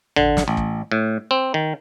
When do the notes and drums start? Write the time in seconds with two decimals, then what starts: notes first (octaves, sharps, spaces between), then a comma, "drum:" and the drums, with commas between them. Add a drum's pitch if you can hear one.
0.16 D3, drum: tom
0.37 drum: snare
0.48 A1
0.57 drum: kick
0.92 A2
1.31 C4
1.54 D#3